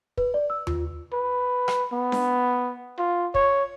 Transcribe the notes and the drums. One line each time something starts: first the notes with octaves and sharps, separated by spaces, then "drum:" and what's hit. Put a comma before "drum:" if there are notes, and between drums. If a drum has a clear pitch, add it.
B4, drum: kick
D5
E6
F4, drum: tom D#2
B4
drum: rim click
B3
drum: snare D4
F4
C#5, drum: kick